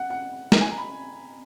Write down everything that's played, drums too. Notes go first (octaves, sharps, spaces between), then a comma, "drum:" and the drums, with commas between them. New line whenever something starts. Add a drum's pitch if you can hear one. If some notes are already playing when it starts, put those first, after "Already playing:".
Already playing: F#5
F#5
drum: snare
G#5
A#5
B5